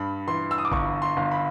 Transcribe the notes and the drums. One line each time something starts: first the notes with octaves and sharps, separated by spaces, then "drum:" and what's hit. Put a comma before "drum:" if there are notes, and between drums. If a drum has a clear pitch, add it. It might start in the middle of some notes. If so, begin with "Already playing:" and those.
Already playing: G2 B5
E3 C6
E6
D#6
D6
G1 C#6, drum: kick
C6
G1
B5